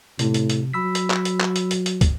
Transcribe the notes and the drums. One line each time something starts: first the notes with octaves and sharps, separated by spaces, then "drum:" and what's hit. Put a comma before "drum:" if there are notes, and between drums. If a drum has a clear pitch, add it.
A2 C3, drum: hi-hat
drum: hi-hat
drum: hi-hat
F#3 B5 E6 B6
drum: hi-hat
drum: clap
drum: hi-hat
drum: clap
drum: hi-hat
drum: hi-hat
drum: hi-hat
drum: kick, hi-hat